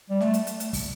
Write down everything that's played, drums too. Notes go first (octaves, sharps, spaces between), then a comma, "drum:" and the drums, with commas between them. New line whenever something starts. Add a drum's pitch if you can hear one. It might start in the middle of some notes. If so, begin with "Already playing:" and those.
G3
A3, drum: snare
drum: hi-hat
drum: hi-hat
drum: hi-hat
drum: kick, open hi-hat